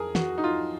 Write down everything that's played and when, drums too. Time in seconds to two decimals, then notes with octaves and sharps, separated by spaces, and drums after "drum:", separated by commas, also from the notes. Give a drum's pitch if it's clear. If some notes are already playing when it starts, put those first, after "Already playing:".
Already playing: F2 G#4 A#4
0.15 F#4, drum: snare
0.38 D#4
0.44 F4